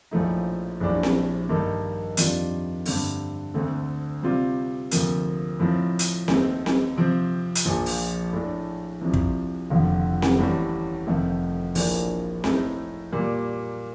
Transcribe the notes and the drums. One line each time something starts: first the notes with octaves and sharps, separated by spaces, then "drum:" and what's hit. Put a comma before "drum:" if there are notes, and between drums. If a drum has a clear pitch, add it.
A#1 A2 F3 A3 D#4
A#1 A2 G3 D4
drum: snare C4
G2 D#3 A#3 D#4 A4
F2 D#3 G3 D4 F4, drum: hi-hat
G2 D3 A3 C4, drum: open hi-hat
D2 D3 A3 C4
C3 G3 C4 F4
D2 C3 F3 A#3, drum: hi-hat
A2 F3 C4 D#4
drum: hi-hat
D#2 D#3 A3 C4, drum: snare C4
drum: snare C4
C3 F3 C4
drum: hi-hat
A#1 A#2 F3
drum: open hi-hat
A2 A3 D4
C2 C3 F3
drum: kick
F1 D#2 D3 F3
drum: snare C4
A1 A2 G3
F1 F2 D#3 A3
A#1 A2 F3 A#3 D4, drum: open hi-hat
A2 A3 D#4, drum: snare C4
A#2 G3 A#3